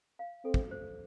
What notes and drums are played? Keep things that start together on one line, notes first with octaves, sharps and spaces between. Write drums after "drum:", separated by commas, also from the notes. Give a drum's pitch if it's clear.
F5
C4 A4
drum: kick
C5